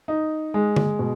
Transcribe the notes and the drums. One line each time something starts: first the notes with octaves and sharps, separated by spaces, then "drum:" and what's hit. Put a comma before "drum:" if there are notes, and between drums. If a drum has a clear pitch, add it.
D#4
G#3
drum: tom D3
B2